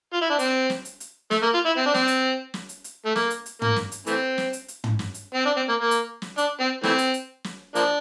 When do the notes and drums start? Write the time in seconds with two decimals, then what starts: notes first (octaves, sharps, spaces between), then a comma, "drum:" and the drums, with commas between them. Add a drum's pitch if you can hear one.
0.13 F4
0.21 E4
0.30 D4
0.39 C4, drum: hi-hat
0.70 drum: snare
0.85 drum: hi-hat
1.00 drum: hi-hat
1.31 A3, drum: snare
1.43 A#3
1.54 F4
1.66 E4
1.77 C4
1.86 D4
1.94 C4, drum: snare
2.08 drum: hi-hat
2.54 drum: snare
2.69 drum: hi-hat
2.84 drum: hi-hat
3.06 A3
3.16 A#3, drum: snare
3.30 drum: hi-hat
3.46 drum: hi-hat
3.62 A#3, drum: tom
3.76 drum: snare
3.92 drum: hi-hat
4.06 E3 A3 C4, drum: hi-hat
4.38 drum: snare
4.53 drum: hi-hat
4.68 drum: hi-hat
4.84 drum: tom
4.99 drum: snare
5.14 drum: hi-hat
5.34 C4
5.45 D4
5.56 C4
5.69 A#3
5.80 A#3
5.91 drum: hi-hat
6.22 drum: snare
6.38 D4, drum: hi-hat
6.60 C4
6.83 E3 A3 C4, drum: snare
6.98 drum: hi-hat
7.14 drum: hi-hat
7.44 drum: snare
7.75 F3 A#3 D4, drum: hi-hat